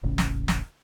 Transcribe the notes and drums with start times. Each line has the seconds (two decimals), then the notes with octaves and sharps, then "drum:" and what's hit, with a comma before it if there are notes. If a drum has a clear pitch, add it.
0.03 D#1 A1 C#3 C#4
0.18 drum: snare
0.48 drum: snare